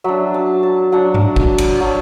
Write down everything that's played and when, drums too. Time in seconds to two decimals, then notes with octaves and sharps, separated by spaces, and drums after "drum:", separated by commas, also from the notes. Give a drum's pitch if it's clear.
0.04 F#3 D4 E5
0.34 A5
0.63 A5
0.92 F#3 D4 F#5
1.14 drum: tom G#2
1.36 drum: kick G1
1.58 drum: cymbal
1.81 F#3 D4